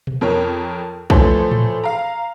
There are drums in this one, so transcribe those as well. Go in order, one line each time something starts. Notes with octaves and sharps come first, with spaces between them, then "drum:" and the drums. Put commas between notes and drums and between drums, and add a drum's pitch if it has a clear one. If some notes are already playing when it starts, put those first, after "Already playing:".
drum: tom B2
F2 A#4 C#5
E3 F3 A3 A4 C5 C#5, drum: kick
drum: tom A2
F5 A#5